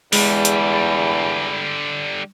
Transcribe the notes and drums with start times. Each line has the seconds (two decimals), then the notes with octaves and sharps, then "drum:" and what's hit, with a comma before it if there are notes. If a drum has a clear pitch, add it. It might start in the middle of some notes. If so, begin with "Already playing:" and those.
0.13 E2 D3 G3 G#3 B5, drum: open hi-hat
0.45 drum: hi-hat